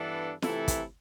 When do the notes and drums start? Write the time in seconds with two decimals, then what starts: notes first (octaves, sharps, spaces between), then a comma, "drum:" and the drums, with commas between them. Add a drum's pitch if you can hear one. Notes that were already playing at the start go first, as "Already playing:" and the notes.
Already playing: G2 E3 B3 D4 A4
0.42 C3 E3 A3 E4 A4, drum: snare
0.68 drum: kick, hi-hat